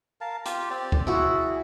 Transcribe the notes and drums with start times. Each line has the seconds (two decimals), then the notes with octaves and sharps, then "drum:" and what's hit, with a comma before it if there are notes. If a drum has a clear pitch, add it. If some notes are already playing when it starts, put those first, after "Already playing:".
0.21 A#4 F5 A5
0.45 F4 G4, drum: hi-hat
0.70 C4 G4 D5
0.92 drum: kick
1.07 E4 F#4 G#4